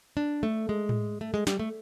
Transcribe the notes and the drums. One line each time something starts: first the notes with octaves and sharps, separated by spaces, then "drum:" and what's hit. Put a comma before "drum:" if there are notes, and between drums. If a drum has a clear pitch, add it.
D4
A3
G#3
drum: tom A2
A3
G#3
G3, drum: snare
A3